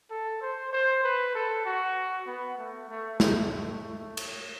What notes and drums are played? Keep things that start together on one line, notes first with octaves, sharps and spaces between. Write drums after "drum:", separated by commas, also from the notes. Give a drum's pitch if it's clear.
A4
C5
C5
B4
A4
F#4
B3
A3
A3
A3, drum: snare
A3
A3
drum: cymbal